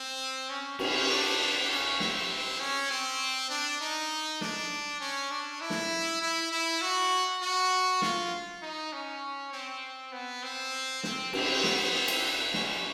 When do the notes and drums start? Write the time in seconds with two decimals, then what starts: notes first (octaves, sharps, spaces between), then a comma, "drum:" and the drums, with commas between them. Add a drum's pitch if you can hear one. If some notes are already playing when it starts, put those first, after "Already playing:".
Already playing: C4
0.50 C#4
0.79 C#4, drum: cymbal
1.10 D4
1.39 D4
1.69 C#4
2.00 C4, drum: snare
2.60 C#4
2.90 C4
3.50 D4
3.81 D#4
4.41 D4, drum: snare
5.00 C#4
5.31 D4
5.61 E4
5.70 drum: snare
6.22 E4
6.52 E4
6.82 F#4
7.42 F#4
8.02 F4, drum: snare
8.62 D#4
8.93 C#4
9.53 C4
10.12 B3
10.43 C4
11.03 C4, drum: snare
11.33 C4, drum: cymbal
11.64 B3, drum: snare
11.94 C4
12.08 drum: cymbal
12.54 C#4, drum: snare